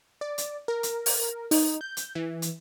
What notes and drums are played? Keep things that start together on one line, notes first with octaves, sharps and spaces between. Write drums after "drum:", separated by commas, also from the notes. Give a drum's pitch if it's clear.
D5
drum: hi-hat
A#4
drum: hi-hat
drum: open hi-hat
D#4, drum: open hi-hat
G6
drum: hi-hat
E3
drum: hi-hat